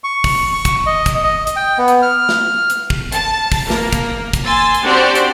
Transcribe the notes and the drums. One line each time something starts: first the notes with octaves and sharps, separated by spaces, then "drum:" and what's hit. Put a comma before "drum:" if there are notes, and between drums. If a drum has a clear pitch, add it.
C#6
drum: kick, open hi-hat
C#6
drum: kick, hi-hat
D#5
drum: kick, hi-hat
D#5
drum: hi-hat
G5
B3
drum: hi-hat
F6
drum: snare
drum: hi-hat
drum: kick
A5 A6, drum: hi-hat
drum: kick, open hi-hat
A#3, drum: snare
drum: kick, hi-hat
drum: kick, hi-hat
G#5 C6 E6 A6
drum: hi-hat
C4 D4 F#4 G4 C5 D5
drum: hi-hat